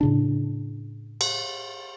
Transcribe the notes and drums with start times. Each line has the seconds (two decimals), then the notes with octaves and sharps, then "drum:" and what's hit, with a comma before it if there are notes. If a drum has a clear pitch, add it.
0.01 A2 C#3 D4
1.21 drum: cymbal